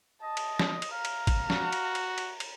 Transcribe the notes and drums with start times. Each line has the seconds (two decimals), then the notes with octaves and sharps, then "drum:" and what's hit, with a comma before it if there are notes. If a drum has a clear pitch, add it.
0.22 D#5 A5
0.37 drum: cymbal
0.59 drum: snare
0.82 drum: cymbal
0.91 F5 A#5
1.05 drum: cymbal
1.27 drum: kick, cymbal
1.50 F#4, drum: snare
1.72 drum: cymbal
1.95 drum: cymbal
2.18 drum: cymbal
2.40 drum: cymbal